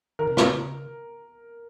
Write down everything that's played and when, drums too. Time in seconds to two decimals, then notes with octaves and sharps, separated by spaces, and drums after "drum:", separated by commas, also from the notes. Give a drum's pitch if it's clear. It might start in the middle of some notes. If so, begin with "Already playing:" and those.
0.19 D#3 A#4
0.27 C3
0.37 A#2, drum: rim click
0.45 C3
0.55 C#3